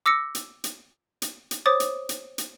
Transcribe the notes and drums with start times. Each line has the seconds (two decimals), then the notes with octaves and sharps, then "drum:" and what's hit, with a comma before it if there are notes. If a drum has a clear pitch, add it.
0.06 D6 E6 A#6 C#7
0.35 drum: hi-hat
0.64 drum: hi-hat
1.22 drum: hi-hat
1.51 drum: hi-hat
1.66 C5 C#5 D6 D#6 A6
1.80 drum: hi-hat
2.09 drum: hi-hat
2.38 drum: hi-hat